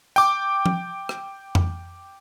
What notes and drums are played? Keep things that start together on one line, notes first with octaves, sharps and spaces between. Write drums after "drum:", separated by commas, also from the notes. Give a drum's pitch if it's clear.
G5 D6, drum: tambourine
drum: tom F3
drum: rim click
drum: tom F2